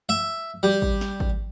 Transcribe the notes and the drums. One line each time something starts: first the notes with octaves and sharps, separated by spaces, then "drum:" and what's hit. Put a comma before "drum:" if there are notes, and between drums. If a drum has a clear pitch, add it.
E5
G3
drum: kick G#1
drum: snare
drum: kick G#1